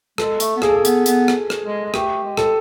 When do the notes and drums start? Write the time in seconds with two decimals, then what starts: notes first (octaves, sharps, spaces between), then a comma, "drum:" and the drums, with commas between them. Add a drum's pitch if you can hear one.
0.18 G#3 A4, drum: rim click
0.40 A3, drum: hi-hat
0.56 B3
0.62 A#3 G#4, drum: rim click
0.69 A4
0.76 G#4
0.85 B3, drum: hi-hat
1.06 B3, drum: hi-hat
1.28 drum: rim click
1.50 drum: rim click
1.65 G#3
1.84 G#3
1.94 A3 G4, drum: rim click
2.23 G#3
2.37 A4, drum: rim click